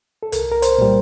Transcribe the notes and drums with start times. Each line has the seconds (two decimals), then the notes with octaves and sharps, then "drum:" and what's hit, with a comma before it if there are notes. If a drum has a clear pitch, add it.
0.23 A4
0.32 C2 A#4, drum: hi-hat
0.52 A#4
0.62 C5, drum: hi-hat
0.78 A#2 G3